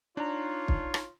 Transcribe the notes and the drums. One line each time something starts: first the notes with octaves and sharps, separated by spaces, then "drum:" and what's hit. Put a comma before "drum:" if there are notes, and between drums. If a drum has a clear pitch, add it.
D4 D#4 F4 C#5 A#5
drum: kick
drum: rim click